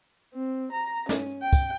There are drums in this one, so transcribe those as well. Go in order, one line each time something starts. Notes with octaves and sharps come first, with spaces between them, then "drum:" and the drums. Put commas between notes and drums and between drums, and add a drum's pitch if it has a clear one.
C4
A#5
C#4, drum: snare
G5
drum: kick, tambourine